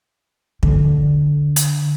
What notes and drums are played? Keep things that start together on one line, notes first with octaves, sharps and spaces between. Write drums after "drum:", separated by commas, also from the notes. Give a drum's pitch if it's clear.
D3, drum: kick
drum: hi-hat